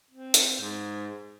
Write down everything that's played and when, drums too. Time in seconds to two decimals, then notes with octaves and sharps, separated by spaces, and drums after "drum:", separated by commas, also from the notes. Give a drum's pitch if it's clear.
0.11 C4
0.34 drum: hi-hat
0.60 G#2